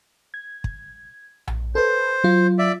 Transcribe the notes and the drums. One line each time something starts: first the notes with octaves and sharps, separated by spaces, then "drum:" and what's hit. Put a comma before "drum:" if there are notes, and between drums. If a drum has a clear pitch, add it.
G#6
drum: kick
drum: tom A#1
A4 B4 C5
F#3 F4
D5 E5